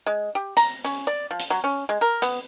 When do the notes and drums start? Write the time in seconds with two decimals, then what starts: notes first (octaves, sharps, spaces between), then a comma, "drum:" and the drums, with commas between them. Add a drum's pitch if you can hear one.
0.06 G#3
0.35 G4
0.57 A#5, drum: hi-hat
0.84 C#4, drum: hi-hat
1.07 D5
1.31 F3
1.40 drum: hi-hat
1.50 F#3
1.64 C#4
1.89 G#3
2.01 A#4
2.22 B3, drum: hi-hat